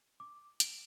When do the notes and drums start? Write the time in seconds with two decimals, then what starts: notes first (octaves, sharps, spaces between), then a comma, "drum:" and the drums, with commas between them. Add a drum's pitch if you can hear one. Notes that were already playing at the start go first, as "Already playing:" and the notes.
0.20 D6
0.60 D7, drum: hi-hat